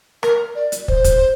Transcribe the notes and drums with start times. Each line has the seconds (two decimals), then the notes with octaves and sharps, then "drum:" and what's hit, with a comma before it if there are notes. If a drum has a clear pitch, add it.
0.23 A#4, drum: rim click
0.55 D5
0.72 drum: hi-hat
0.88 C5, drum: kick
1.04 drum: kick, hi-hat